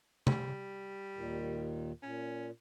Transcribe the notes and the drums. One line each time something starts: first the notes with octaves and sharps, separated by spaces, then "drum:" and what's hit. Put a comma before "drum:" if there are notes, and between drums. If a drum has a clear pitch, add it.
G3, drum: tom C3
D#2 A#2 D#3
A#2 C#4